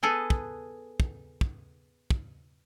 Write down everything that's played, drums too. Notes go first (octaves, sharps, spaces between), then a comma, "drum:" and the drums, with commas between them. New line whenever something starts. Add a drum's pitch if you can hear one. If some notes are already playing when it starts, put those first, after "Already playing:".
B3 G#4 A4 B4
drum: kick
drum: kick
drum: kick
drum: kick